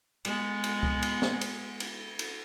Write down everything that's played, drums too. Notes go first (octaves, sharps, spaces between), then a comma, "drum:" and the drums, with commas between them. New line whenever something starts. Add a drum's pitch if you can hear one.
G#3 B3, drum: cymbal
drum: cymbal
drum: kick C#2
drum: cymbal
drum: snare
drum: cymbal
drum: cymbal
drum: cymbal